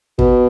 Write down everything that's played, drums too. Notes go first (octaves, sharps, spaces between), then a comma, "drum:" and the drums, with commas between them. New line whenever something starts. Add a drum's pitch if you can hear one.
B2, drum: kick